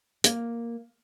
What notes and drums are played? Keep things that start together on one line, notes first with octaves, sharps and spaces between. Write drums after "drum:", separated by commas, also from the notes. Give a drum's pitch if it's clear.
A#3, drum: hi-hat